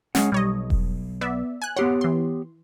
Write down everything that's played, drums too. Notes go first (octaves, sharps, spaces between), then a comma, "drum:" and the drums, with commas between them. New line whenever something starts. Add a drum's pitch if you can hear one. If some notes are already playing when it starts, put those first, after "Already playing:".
G#3 C#4 F#5, drum: snare
B1 G3 C#5 D#5
drum: kick E1
B3 D5 E5
G#5 F#6
B3 G4 C#5 F#5 C6
E3 C6